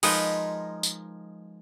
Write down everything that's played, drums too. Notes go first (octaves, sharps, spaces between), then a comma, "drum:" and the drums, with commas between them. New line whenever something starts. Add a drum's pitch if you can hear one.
F3 G#3 D#4 A#4 B4, drum: open hi-hat
drum: tambourine